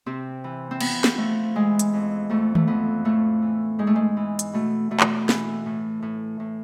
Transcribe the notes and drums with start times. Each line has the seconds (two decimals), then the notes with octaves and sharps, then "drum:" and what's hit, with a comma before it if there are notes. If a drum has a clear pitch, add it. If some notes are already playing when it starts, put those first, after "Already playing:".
0.06 C3 C4
0.44 E3
0.71 C4
0.81 F3 B3, drum: cymbal
1.04 drum: snare
1.18 F3 A3
1.55 E3 G#3
1.79 drum: hi-hat
1.93 F2
2.30 F2 A3
2.55 A3, drum: tom D#3
2.67 F2 B3
3.05 A2 A3
3.42 E3
3.79 G#2 G#3
3.87 A3
3.96 G#3
4.17 E3
4.39 drum: hi-hat
4.53 B2 A3
4.91 B2 A3
5.00 drum: clap
5.29 E3, drum: snare
5.66 A2
6.02 A2
6.40 A2